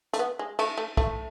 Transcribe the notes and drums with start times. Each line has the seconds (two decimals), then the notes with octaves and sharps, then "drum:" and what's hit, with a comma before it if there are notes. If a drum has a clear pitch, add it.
0.13 A3, drum: hi-hat
0.19 B3
0.39 G#3
0.59 A3, drum: cymbal
0.78 A3
0.97 A3, drum: kick B1